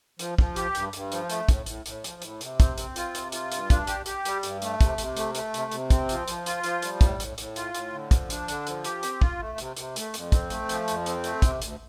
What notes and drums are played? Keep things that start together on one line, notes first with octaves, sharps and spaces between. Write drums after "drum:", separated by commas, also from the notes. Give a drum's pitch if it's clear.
F3, drum: hi-hat
F3, drum: kick
G4, drum: hi-hat
G2, drum: hi-hat
G2, drum: hi-hat
F3, drum: hi-hat
A3, drum: hi-hat
A2, drum: kick, hi-hat
A2, drum: hi-hat
A2, drum: hi-hat
F3, drum: hi-hat
A2, drum: hi-hat
C3, drum: hi-hat
C4, drum: kick, hi-hat
C4, drum: hi-hat
F4, drum: hi-hat
C3, drum: hi-hat
F4, drum: hi-hat
G2, drum: hi-hat
D4, drum: kick, hi-hat
G4, drum: hi-hat
G4, drum: hi-hat
G3, drum: hi-hat
G2, drum: hi-hat
A3, drum: hi-hat
C3, drum: kick, hi-hat
C3, drum: hi-hat
A3, drum: hi-hat
A3, drum: hi-hat
C3, drum: hi-hat
C3, drum: hi-hat
C4, drum: kick, hi-hat
F3, drum: hi-hat
F3, drum: hi-hat
F4, drum: hi-hat
F3, drum: hi-hat
G3, drum: hi-hat
A2, drum: kick, hi-hat
A2, drum: hi-hat
A2, drum: hi-hat
F4, drum: hi-hat
A2, drum: hi-hat
D3
F3, drum: kick, hi-hat
D4, drum: hi-hat
D3, drum: hi-hat
F3, drum: hi-hat
G4, drum: hi-hat
C4, drum: hi-hat
F4, drum: kick
A3
C3, drum: hi-hat
C3, drum: hi-hat
A3, drum: hi-hat
F2, drum: hi-hat
C4, drum: kick, hi-hat
A3, drum: hi-hat
F3, drum: hi-hat
F2, drum: hi-hat
C4, drum: hi-hat
A3, drum: hi-hat
C3, drum: kick, hi-hat
D2, drum: hi-hat